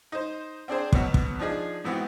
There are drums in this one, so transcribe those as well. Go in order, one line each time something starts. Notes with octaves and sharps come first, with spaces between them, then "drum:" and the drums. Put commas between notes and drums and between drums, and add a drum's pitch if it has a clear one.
D#4 C5
C4 D4 G#4 C5
B1 B2 F#3 B3, drum: kick
drum: kick
F3 D4 D#4 G#4
G#2 E3 B3 C4 F#4